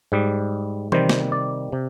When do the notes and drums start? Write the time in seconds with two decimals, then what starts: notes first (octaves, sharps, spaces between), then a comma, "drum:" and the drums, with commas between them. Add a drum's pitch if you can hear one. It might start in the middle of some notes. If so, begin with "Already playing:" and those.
0.12 G#2 G3
0.92 C3 D#3 G3 C5, drum: tom E3
1.09 drum: snare
1.32 D5
1.72 C3